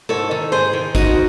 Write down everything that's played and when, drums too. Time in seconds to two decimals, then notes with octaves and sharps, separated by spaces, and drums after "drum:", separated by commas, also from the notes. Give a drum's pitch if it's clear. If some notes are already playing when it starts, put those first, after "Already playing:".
0.09 G#2 A4 C#5
0.31 D#3
0.52 G#2 G#4 C5
0.73 D#3
0.95 G#2 D#4 F#4, drum: kick, tambourine